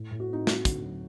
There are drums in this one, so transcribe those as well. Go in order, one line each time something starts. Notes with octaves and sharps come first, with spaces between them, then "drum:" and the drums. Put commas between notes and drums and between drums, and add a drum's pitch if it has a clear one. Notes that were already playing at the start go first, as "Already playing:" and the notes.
Already playing: A2
A2
F#4
C4 D#4
C4 F#4, drum: snare
D2, drum: kick, hi-hat
F#3